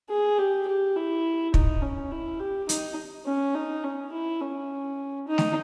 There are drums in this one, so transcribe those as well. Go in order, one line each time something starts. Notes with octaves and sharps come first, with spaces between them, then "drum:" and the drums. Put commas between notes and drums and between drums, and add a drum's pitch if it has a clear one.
G#4
G4
G4
E4
D#4, drum: kick
C#4
E4
G4
D#4, drum: hi-hat
C#4
D#4
C#4
E4
C#4
D#4
drum: snare A3